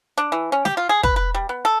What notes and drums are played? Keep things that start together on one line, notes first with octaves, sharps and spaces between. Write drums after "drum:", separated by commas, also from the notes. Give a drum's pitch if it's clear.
D4
E3
C#4
G4, drum: snare
F4
G#4
B4, drum: kick
B4
G3
B3
A4